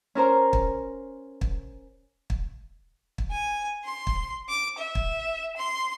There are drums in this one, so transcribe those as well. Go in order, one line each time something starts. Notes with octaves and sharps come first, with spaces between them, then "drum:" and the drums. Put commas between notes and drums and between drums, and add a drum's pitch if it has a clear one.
C#4 A#4 C5 A#5
drum: kick
drum: kick
drum: kick
drum: kick
G#5
C6
drum: kick
D6
E5
drum: kick
C6